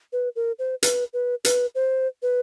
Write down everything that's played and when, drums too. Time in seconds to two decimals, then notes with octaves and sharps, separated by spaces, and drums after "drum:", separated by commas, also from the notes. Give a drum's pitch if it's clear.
0.13 B4
0.36 A#4
0.59 C5
0.83 B4, drum: hi-hat
1.13 B4
1.45 B4, drum: hi-hat
1.75 C5
2.22 B4